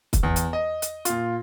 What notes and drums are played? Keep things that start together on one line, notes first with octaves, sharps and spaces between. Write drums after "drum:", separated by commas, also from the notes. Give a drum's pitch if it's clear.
drum: kick, hi-hat
E2
drum: hi-hat
D#5
drum: hi-hat
A#2 F4, drum: hi-hat